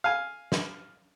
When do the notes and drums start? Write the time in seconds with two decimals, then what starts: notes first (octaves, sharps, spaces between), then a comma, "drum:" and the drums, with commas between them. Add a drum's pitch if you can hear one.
0.04 F5 G#5
0.52 drum: snare